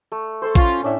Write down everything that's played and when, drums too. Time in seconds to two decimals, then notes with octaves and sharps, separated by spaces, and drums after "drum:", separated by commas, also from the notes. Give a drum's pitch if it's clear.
0.12 A3
0.42 A4 C5 C6 C#6
0.55 C#4 F4, drum: kick A#1, hi-hat
0.83 A2 C#4 D4 E5